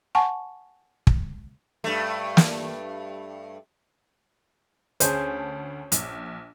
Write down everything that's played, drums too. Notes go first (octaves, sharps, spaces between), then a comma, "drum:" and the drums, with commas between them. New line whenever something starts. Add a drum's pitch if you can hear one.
F#5 G#5 A5 C#6
drum: kick
G2 A3
drum: snare
D2 C#4 G#4 C5 A5, drum: hi-hat
A#1, drum: hi-hat